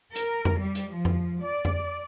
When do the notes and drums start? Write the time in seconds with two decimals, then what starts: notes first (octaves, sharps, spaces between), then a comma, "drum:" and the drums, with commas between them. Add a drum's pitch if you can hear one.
0.15 A#4, drum: hi-hat
0.45 drum: tom F2
0.58 G3
0.75 drum: hi-hat
0.92 F3
1.05 drum: tom F2
1.42 D5
1.65 drum: tom F2